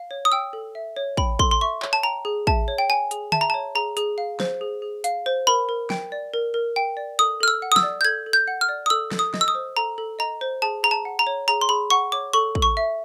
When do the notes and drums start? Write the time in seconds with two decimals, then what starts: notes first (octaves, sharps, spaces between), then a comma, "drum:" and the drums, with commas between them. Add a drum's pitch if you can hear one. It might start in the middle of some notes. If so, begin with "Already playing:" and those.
Already playing: F5
0.11 C#5
0.25 D#6
0.32 G5 E6
0.53 A4
0.75 E5
0.96 C#5
1.17 G5 B5, drum: kick
1.39 A4 C6, drum: kick
1.51 C6
1.61 E5 C#6
1.82 C#5, drum: clap
1.93 A5
2.03 G5 A#5
2.25 G#4
2.47 E5 A5, drum: kick
2.68 C#5
2.78 G5
2.90 G5 G#5
3.11 G#4, drum: hi-hat
3.32 E5 A5, drum: tom D3
3.41 A#5
3.50 C#5 A5
3.75 G#4 A#5
3.97 G#4, drum: hi-hat
4.18 F5
4.40 C5, drum: snare
4.61 G#4
4.82 G#4
5.04 F5, drum: hi-hat
5.26 C5
5.47 A#4 B5
5.69 A#4
5.90 G5, drum: snare
6.12 D5
6.34 A#4
6.54 A#4
6.76 G5
6.97 D5
7.19 A4 D#6
7.41 A4 F6
7.48 E6
7.62 F#5
7.72 D#6
7.76 E6, drum: snare
7.83 D5
8.01 G6
8.05 A4 G#6
8.26 A4
8.33 G6
8.48 F#5
8.61 F6
8.69 D5
8.86 D#6
8.90 A4 E6
9.12 A4, drum: snare
9.19 D#6
9.34 D#5, drum: snare
9.41 E6
9.48 D#6
9.55 C5
9.77 A4 A#5
9.98 A4
10.19 D#5 A#5
10.41 C5
10.62 G#4 A5
10.83 G#4 A#5
10.91 A5
11.05 F#5
11.19 A#5
11.27 C#5
11.48 G#4 A#5
11.61 C6
11.69 G#4 B5
11.90 F#5 C#6
12.12 C#5 D6
12.33 A4 C#6
12.55 A4, drum: kick
12.62 C#6
12.77 E5